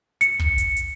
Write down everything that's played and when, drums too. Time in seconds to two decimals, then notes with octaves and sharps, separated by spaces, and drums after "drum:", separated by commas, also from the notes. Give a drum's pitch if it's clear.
0.21 C#7, drum: hi-hat
0.39 drum: kick
0.58 drum: hi-hat
0.77 drum: hi-hat